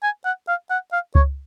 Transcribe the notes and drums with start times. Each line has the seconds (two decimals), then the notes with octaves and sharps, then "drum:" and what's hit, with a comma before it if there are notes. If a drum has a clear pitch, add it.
0.03 G#5
0.25 F#5
0.48 F5
0.71 F#5
0.92 F5
1.15 C#5, drum: kick C#2